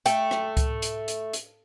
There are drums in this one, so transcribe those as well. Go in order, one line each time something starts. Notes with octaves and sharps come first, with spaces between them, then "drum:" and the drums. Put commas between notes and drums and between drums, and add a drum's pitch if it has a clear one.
A3 G5, drum: hi-hat
drum: rim click
drum: kick C#2, hi-hat
drum: hi-hat
drum: hi-hat
drum: hi-hat